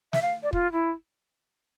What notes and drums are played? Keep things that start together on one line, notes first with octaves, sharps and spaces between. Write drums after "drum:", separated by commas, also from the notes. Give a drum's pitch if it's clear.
E5, drum: snare
F5
D5
F4, drum: kick
E4